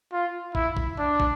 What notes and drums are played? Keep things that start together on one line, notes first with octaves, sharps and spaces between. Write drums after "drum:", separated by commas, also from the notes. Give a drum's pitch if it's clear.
F4
E4, drum: kick
drum: kick
D4
drum: kick